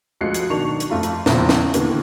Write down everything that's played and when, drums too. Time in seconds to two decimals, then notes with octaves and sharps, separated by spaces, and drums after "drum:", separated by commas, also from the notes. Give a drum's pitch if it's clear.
0.21 D2 F3 G#3 F#6 C7 C#7
0.34 drum: hi-hat
0.50 B1 D#3 D4 C#6 F7
0.80 drum: hi-hat
0.90 F2 A3 F4 A#5
1.03 drum: hi-hat
1.26 A#1 E2 C#3 F3 C4 E4, drum: snare
1.49 drum: snare
1.74 D#2 D3 E3 B3, drum: hi-hat